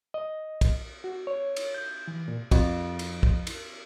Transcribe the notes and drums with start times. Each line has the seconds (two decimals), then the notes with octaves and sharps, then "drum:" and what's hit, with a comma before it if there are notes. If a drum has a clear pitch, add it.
0.14 D#5
0.61 drum: kick, cymbal
1.04 F#4
1.27 C#5
1.56 drum: cymbal
1.74 G6
2.08 E3
2.28 A#2
2.52 F2, drum: kick, cymbal
2.99 drum: cymbal
3.23 drum: kick
3.47 drum: cymbal